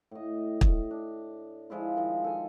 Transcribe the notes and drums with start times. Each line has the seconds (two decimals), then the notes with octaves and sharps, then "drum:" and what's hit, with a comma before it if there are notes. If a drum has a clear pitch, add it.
0.11 A2 D#5
0.61 drum: kick
0.91 D4
1.70 F3 G#3 E4 F4
1.96 D#3 F3
2.24 A4 G#5